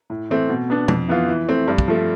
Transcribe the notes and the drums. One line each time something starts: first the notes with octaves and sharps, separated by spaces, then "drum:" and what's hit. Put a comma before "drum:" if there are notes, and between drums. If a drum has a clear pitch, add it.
A2
E3 A3 C4
B2
B3 D4
F2, drum: tom B2
E3 B3 F4
E3
A3 C4
G2
drum: kick
F3 A3